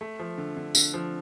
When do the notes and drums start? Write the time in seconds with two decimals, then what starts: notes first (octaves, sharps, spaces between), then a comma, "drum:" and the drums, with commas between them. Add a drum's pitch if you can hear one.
0.01 A3
0.19 F3
0.38 D3
0.57 D3
0.75 D3, drum: tambourine
0.94 F3